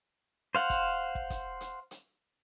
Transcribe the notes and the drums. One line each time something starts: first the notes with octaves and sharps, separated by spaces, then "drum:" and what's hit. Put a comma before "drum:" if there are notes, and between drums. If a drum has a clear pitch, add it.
C5 F5 F#5
drum: kick, hi-hat
drum: kick
drum: kick, hi-hat
drum: hi-hat
drum: hi-hat